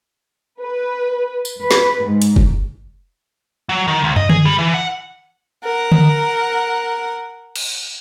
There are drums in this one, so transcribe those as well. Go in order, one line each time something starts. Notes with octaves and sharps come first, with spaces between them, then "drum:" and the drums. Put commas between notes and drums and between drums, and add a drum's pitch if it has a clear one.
B4
drum: tambourine
B4
drum: snare
G#2
drum: hi-hat
drum: kick F#1
F#3
D#3
C#2
D#5, drum: tom
G#4, drum: tom D3
G3
E3
F#5
A#4 F#5
drum: tom D3
drum: cymbal